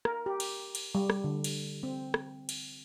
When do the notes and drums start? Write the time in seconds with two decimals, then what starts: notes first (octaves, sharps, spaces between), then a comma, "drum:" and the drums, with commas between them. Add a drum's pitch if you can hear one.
0.05 A#4, drum: rim click
0.26 G4
0.40 drum: cymbal
0.75 drum: cymbal
0.95 G3
1.10 drum: rim click
1.24 D3
1.44 drum: cymbal
1.83 C4
2.14 drum: rim click
2.49 drum: cymbal